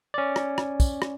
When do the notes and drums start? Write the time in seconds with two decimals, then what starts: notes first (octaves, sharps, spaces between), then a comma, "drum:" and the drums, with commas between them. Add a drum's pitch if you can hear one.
0.14 C#4 D5
0.36 drum: rim click
0.58 drum: rim click
0.80 drum: kick, tambourine
1.02 drum: rim click